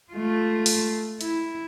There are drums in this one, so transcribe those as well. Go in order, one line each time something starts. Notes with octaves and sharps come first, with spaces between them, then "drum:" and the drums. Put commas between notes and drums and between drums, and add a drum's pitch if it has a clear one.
A3 F4
drum: open hi-hat
E4, drum: hi-hat